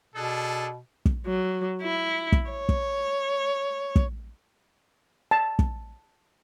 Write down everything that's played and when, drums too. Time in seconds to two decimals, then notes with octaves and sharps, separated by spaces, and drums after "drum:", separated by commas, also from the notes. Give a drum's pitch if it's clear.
0.14 B2 D4 G#4 A4
1.05 drum: kick
1.26 F#3
1.82 E4
2.32 drum: kick
2.51 C#5
2.69 drum: kick
3.96 drum: kick
5.31 A5
5.59 drum: kick